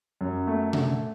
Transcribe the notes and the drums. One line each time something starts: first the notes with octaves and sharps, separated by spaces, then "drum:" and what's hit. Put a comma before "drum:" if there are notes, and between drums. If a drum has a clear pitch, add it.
F#2
A3
D3, drum: tom B2